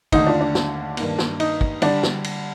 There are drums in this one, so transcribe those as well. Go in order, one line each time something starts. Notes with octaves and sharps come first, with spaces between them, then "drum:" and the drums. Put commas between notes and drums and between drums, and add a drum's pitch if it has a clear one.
D#2 D3 A3 D#4, drum: kick, cymbal
D4 F4
D4
drum: snare
G2 D#3 A#3, drum: cymbal
drum: snare
D#4, drum: cymbal
drum: kick
D3 G3 D4, drum: cymbal
drum: snare
drum: cymbal